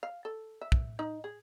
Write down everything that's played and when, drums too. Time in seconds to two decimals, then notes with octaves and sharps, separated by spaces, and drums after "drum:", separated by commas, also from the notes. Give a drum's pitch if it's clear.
0.03 F5
0.25 A4
0.61 E5
0.72 drum: kick
0.99 D#4
1.24 G#4